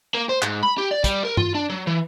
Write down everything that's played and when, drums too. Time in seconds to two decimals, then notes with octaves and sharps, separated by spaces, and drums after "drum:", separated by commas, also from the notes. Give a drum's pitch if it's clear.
0.14 A#3
0.29 C5
0.42 G#2, drum: clap
0.63 B5
0.78 G4
0.91 D5
1.04 G3, drum: kick, hi-hat
1.25 A#4
1.37 F4, drum: tom G2
1.54 D4
1.70 F#3
1.87 E3